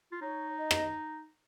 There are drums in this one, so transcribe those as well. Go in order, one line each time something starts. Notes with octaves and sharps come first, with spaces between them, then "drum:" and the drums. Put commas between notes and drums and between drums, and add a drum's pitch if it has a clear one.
F4
D#4 C#5
D#5
drum: rim click